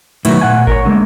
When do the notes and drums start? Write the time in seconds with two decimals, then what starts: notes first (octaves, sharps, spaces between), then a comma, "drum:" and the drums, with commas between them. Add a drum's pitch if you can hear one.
0.25 B2 D#3 F#3 A3 B3 E4, drum: cymbal
0.41 A#2 F#5 G#5
0.67 A#4 C#5, drum: kick G#1
0.85 D3 G#3 A#3